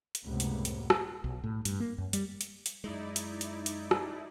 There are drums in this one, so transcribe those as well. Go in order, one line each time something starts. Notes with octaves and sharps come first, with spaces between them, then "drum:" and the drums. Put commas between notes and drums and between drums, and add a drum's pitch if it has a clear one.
drum: hi-hat
C#2 F#2 A2 C3 A#3 B3
drum: hi-hat
drum: hi-hat
drum: rim click
B1
A2
G2, drum: hi-hat
A#3
F#2
G3, drum: hi-hat
drum: hi-hat
drum: hi-hat
F#2 G#3 D#4 E4 D5
drum: hi-hat
drum: hi-hat
drum: hi-hat
drum: rim click